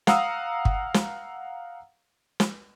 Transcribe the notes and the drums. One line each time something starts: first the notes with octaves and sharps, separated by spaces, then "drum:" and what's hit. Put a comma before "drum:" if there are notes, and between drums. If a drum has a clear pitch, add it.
F5 F#5 A#5 D#6 E6, drum: snare
drum: kick
drum: snare
drum: snare